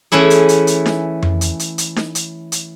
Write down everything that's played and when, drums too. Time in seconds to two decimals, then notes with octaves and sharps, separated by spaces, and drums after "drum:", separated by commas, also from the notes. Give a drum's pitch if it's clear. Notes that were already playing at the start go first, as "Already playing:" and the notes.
0.12 E3 A3 C#4 E4 G#4
0.30 drum: hi-hat
0.49 drum: hi-hat
0.67 drum: hi-hat
0.86 drum: snare D#4
1.23 drum: tom F2
1.41 drum: hi-hat
1.59 drum: hi-hat
1.78 drum: hi-hat
1.96 drum: snare D#4
2.15 drum: hi-hat
2.52 drum: hi-hat